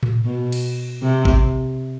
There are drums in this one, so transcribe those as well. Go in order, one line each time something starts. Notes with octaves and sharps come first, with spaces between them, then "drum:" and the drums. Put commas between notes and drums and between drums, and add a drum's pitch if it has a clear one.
drum: tom A2
B2
drum: cymbal
C3
drum: kick A1